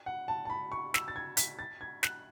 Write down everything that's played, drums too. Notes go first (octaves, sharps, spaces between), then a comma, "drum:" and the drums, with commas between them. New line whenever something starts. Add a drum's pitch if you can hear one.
F#5
A5
A5
B5
C#6
E6, drum: snare
A6
G#6
B6, drum: hi-hat
A6
G#6
F#6, drum: snare